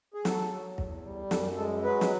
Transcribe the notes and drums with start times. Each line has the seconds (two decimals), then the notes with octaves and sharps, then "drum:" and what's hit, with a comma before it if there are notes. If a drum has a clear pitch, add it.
0.14 G#4
0.25 F#3 A4, drum: snare
0.51 F#3
0.78 E2, drum: kick
1.04 G3
1.31 F#2 A4, drum: snare
1.57 G#3 A4
1.83 F#3 B4
2.01 drum: snare